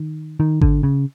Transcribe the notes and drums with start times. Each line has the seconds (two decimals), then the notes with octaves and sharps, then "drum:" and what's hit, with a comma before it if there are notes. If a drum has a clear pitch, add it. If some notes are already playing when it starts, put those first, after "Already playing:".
Already playing: D#3
0.40 D#3
0.61 D3, drum: kick G#1
0.83 C#3